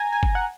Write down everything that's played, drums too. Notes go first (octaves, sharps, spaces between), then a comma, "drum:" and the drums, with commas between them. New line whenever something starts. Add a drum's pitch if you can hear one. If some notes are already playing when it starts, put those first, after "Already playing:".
Already playing: G#5 A#5
G#5
drum: kick
F#5